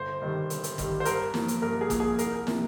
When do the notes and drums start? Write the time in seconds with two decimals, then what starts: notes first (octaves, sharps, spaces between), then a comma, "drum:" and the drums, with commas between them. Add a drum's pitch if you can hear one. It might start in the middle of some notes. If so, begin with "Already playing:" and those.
Already playing: G1 C5
0.21 G2 D#3 G3
0.50 G1, drum: hi-hat
0.64 drum: hi-hat
0.78 G2 D#3 G3, drum: kick, hi-hat
1.00 C5
1.05 G2 A#4, drum: hi-hat
1.34 F3 A#3, drum: snare
1.48 drum: hi-hat
1.62 G2 A#4
1.81 G#4
1.90 F3 A#3, drum: kick, hi-hat
2.00 G#4
2.19 C2 A#4, drum: hi-hat
2.47 C3 F3 A#3, drum: snare